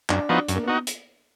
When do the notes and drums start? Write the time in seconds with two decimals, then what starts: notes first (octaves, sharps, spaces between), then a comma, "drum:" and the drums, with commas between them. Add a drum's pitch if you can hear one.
0.09 F#2 D4, drum: clap
0.29 F3 B3 D#4 F#4
0.48 F#2, drum: hi-hat
0.56 A#3
0.64 B3
0.68 D#4 F#4
0.87 drum: hi-hat